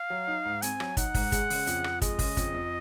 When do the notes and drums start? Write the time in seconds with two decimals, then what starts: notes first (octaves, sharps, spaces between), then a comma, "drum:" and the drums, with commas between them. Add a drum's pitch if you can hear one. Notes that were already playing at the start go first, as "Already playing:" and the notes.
Already playing: F5
0.10 F#3
0.27 D#4
0.45 G#2
0.62 C4 G#5, drum: hi-hat
0.80 F#3, drum: rim click
0.97 D#4 F#5, drum: kick, hi-hat
1.14 G#2, drum: kick, open hi-hat
1.32 G#3, drum: kick, hi-hat
1.50 C#3, drum: open hi-hat
1.67 F2, drum: hi-hat
1.84 F2, drum: rim click
2.02 G#3 D#5, drum: kick, hi-hat
2.19 C#3, drum: kick, open hi-hat
2.37 F2, drum: kick, hi-hat
2.54 F2